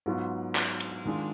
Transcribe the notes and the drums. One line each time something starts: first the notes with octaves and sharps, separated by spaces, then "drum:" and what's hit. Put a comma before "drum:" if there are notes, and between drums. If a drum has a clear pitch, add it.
G#2 F#3 B3 F4
drum: clap
drum: cymbal
D#3 G#3 D4 F4